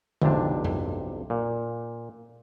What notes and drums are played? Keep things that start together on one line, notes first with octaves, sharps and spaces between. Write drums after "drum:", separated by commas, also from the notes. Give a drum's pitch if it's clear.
B1 F2 C3 D4, drum: tom D3
drum: tom F2
A#2